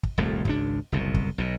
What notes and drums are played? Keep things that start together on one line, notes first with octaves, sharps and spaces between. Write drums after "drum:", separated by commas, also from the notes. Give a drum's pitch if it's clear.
drum: kick
D#1 C2 F2 A3
G#1 C#2 D4, drum: kick
F#1 C2 B2
drum: kick
B1 B2